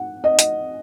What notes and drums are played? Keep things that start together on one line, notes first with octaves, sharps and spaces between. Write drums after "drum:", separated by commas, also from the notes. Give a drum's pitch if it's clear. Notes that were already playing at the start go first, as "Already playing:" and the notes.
Already playing: F#5
D#5
drum: hi-hat